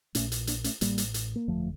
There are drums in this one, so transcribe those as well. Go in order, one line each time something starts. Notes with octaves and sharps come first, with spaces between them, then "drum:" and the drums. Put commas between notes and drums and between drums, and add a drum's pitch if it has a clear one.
A#1 A#2 A3 C#4, drum: hi-hat
drum: hi-hat
A#3 D4, drum: hi-hat
A3 C#4, drum: hi-hat
A1 A2 G3 A#3, drum: hi-hat
drum: hi-hat
drum: hi-hat
A#3
G1 F2 D3 F3 A3